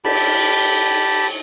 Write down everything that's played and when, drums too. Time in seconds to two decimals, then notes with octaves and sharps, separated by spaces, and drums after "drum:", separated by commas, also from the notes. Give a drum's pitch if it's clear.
0.05 G4 A5 B5, drum: cymbal